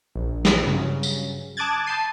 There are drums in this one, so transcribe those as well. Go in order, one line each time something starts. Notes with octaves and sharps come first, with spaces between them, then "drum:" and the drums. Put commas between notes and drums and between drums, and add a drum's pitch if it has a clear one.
A#1
drum: snare
G2 C#3 F#3
drum: tambourine
A5 D6 D#6 F#6 G#6 A6
A5 B5 G6 C7 D#7